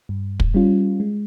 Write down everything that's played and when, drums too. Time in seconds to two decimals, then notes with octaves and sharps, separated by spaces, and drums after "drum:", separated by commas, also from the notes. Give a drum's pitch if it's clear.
0.09 G2
0.40 drum: kick
0.54 G3 C#4 F4
1.00 G#3